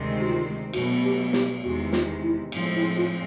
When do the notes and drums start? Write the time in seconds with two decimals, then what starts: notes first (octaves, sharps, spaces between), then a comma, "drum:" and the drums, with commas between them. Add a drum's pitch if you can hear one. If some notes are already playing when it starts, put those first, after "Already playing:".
Already playing: D2 C3 D#3 G#3 C4
0.21 F#4
0.29 F4
0.73 B2 F#3 A3 F#4, drum: cymbal
1.04 G4
1.33 G4, drum: snare
1.63 E2 C3 D#3 G#3 F#4
1.93 F4, drum: snare
2.23 E4
2.52 A2 F3 G#3 C4, drum: cymbal
2.76 E4
2.97 F4